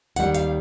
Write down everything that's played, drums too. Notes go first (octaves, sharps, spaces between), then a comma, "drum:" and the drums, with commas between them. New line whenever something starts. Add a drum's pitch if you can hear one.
D#2 D#3 G3 F#5, drum: hi-hat
F5, drum: hi-hat